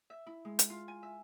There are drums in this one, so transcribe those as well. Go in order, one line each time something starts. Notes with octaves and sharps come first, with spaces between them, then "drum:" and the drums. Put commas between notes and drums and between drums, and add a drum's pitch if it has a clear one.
E5
E4
G#3
drum: hi-hat
F4
G#5
E5